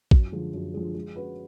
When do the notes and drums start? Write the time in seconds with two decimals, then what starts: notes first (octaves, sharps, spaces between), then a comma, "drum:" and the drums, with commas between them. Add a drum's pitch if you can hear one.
0.11 F#2, drum: kick
0.32 D3 F3 G#3
0.54 F#2
0.74 D3 F3 G#3
0.95 G#3
1.16 C#4 F#4 B4